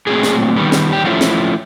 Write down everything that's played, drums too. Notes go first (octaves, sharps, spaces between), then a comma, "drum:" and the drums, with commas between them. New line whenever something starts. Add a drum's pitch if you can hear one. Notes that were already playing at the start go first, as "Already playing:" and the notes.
A#2 F#3 A3 C4 G#4
drum: snare
D#3 G3 B3
drum: snare
G4
F3 A3 C#4 E4 F#4
drum: snare